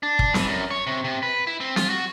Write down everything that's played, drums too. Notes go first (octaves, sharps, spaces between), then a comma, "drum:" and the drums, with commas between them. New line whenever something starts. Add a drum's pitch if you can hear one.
D4
drum: kick
E3, drum: snare C4
F#2
C#5
C3
C3
B4
E4
C4
F4, drum: snare C4
F#4